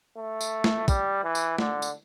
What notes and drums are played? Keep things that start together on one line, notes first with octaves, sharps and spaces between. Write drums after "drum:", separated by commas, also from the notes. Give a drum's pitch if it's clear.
A3
drum: tambourine
drum: snare
G3, drum: kick, tambourine
E3
drum: tambourine
D3, drum: snare
drum: tambourine